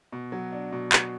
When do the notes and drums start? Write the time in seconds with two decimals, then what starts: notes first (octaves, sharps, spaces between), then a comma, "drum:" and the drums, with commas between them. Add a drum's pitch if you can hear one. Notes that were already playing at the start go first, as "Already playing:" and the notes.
0.12 B2
0.32 F#3
0.52 D4
0.72 B2
0.92 B2, drum: clap